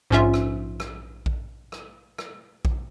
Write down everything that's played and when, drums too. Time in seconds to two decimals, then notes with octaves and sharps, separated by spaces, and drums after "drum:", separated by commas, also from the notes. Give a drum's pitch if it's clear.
0.10 A#1 G#2 C#4 F4 E5
0.34 drum: rim click
0.80 drum: rim click
1.26 drum: kick A#1
1.72 drum: rim click
2.18 drum: rim click
2.65 drum: kick A#1